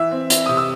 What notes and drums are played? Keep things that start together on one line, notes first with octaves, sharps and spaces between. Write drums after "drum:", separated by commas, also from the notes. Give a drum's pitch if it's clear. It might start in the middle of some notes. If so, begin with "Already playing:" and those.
Already playing: E3 E5 E6
C4
E4, drum: hi-hat
C3 D#6
E6